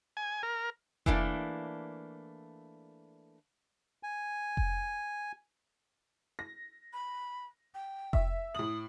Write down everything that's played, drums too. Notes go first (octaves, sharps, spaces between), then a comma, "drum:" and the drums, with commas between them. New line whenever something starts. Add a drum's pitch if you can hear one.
G#5
A#4
E3 A3 A#3 D4, drum: kick F1
G#5
drum: kick F1
A#6
B5
G5
E5, drum: kick F1
A2 D#6 F#7